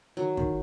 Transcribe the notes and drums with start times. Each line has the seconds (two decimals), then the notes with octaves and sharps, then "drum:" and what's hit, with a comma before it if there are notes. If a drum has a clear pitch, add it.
0.17 D#3 F#3
0.37 D#3, drum: kick